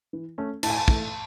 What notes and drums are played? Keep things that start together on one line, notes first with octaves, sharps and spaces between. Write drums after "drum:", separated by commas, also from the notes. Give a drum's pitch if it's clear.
E3
A3 C#4
A2 A5, drum: cymbal
G#5
A5
E3 A3, drum: kick